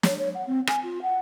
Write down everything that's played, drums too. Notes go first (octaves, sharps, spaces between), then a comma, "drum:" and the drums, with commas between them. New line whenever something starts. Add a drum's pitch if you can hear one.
C#5, drum: snare
C#5
F#5
C4
G#5, drum: rim click
F4
F#5